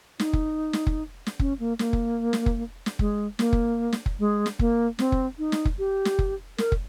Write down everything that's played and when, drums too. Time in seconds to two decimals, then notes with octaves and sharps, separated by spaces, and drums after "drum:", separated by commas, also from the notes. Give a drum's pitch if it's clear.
0.19 D#4, drum: snare
0.33 drum: kick
0.73 drum: snare
0.87 drum: kick
1.26 drum: snare
1.39 C#4, drum: kick
1.59 A#3
1.79 A#3, drum: snare
1.93 drum: kick
2.33 drum: snare
2.46 drum: kick
2.86 drum: snare
2.99 G#3, drum: kick
3.39 A#3, drum: snare
3.53 drum: kick
3.93 drum: snare
4.06 drum: kick
4.19 G#3
4.46 drum: snare
4.59 A#3, drum: kick
4.99 C4, drum: snare
5.12 drum: kick
5.39 D#4
5.52 drum: snare
5.65 drum: kick
5.79 G4
6.05 drum: snare
6.19 drum: kick
6.58 A#4, drum: snare
6.72 drum: kick